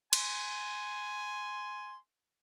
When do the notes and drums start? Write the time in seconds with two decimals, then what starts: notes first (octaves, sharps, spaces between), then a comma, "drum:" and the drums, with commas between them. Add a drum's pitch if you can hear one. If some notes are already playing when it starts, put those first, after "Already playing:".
0.13 G#5 C6, drum: cymbal